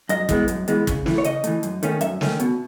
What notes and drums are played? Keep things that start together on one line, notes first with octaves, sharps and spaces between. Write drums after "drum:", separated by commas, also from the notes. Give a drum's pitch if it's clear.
F#2 D#5, drum: hi-hat
E3 G#3 B3, drum: kick, hi-hat
F#2, drum: hi-hat
E3 G#3 B3, drum: hi-hat
C#3, drum: kick, hi-hat
E3 A3, drum: snare
C#5
C#3 D#5, drum: hi-hat
E3 A3, drum: hi-hat
F#2, drum: hi-hat
D#3 A3 C#4, drum: hi-hat
F#2 E5, drum: hi-hat
D#3 A3 C#4, drum: snare
B2, drum: hi-hat